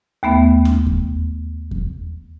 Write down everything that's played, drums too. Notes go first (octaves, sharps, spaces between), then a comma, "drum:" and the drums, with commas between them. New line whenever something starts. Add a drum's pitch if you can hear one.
D#2 A3 B3 E5
drum: snare
drum: kick E2
drum: kick E2